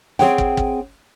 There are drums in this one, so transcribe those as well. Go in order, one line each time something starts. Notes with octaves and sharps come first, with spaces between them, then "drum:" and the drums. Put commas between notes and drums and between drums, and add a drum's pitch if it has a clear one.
C4 E4 G#4 C#5 F#5 G5, drum: snare
drum: kick
drum: kick